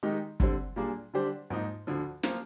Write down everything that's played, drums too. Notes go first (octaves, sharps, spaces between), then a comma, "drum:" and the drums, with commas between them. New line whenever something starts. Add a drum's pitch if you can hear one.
D#3 G#3 D#4 G4
D3 G3 C4, drum: kick
A#2 G3 A#3 D4 G#4
D3 G3 D4 G4 C5
G#2 F3 A#3 D#4
D2 D3 F3
F3 A#3 F4 C5, drum: snare